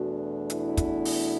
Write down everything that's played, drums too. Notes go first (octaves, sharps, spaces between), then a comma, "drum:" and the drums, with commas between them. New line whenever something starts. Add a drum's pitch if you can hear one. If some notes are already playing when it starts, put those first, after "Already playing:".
Already playing: E2 B2 A3 D4 F#4
E4, drum: hi-hat
drum: kick, hi-hat
drum: open hi-hat